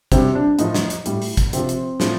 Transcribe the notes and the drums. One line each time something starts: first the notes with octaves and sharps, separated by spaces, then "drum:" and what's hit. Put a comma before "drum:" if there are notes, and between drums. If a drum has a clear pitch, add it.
C3 G3 C4, drum: kick, hi-hat
D4
A2 F3 D#4, drum: hi-hat
drum: snare
drum: hi-hat
A2 G3, drum: hi-hat
drum: open hi-hat
drum: kick, hi-hat
C3 F3 C4, drum: hi-hat
drum: hi-hat
A2 F3, drum: snare